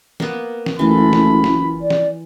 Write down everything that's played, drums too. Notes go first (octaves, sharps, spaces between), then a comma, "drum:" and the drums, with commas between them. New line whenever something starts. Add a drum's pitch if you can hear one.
A#3 B3, drum: snare
drum: snare
F#1 E3 A3 F4 B5
drum: snare
drum: snare
D5
drum: snare